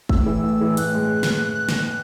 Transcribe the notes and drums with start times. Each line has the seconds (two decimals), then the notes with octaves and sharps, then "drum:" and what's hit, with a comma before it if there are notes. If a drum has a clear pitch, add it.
0.09 A2 E6, drum: kick
0.26 E3
0.44 A2
0.61 E3
0.77 A2 F#6, drum: hi-hat
0.95 G#3
1.23 drum: snare
1.69 drum: snare